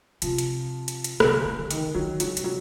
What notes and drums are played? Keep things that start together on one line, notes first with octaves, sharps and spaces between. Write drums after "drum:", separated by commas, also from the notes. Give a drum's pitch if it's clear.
C3 F3, drum: hi-hat
drum: hi-hat
drum: hi-hat
drum: hi-hat
C3, drum: rim click
C#3
C#3
C#3
D#3, drum: hi-hat
D#3 F#3
C#3 F#3, drum: hi-hat
C3, drum: hi-hat
F#3